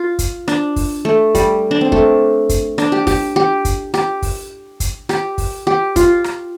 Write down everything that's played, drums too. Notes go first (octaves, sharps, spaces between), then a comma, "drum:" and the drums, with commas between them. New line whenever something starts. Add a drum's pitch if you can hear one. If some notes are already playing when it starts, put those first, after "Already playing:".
Already playing: F4
drum: kick, hi-hat
D4, drum: rim click
drum: kick, open hi-hat
A3
G3, drum: kick, hi-hat
D4
C4
A3, drum: kick
drum: kick, hi-hat
D4, drum: rim click
G4
G4, drum: kick, open hi-hat
G4
drum: kick, hi-hat
G4, drum: rim click
drum: kick, open hi-hat
drum: kick, hi-hat
G4, drum: rim click
drum: kick, open hi-hat
G4
F4, drum: kick, hi-hat
drum: rim click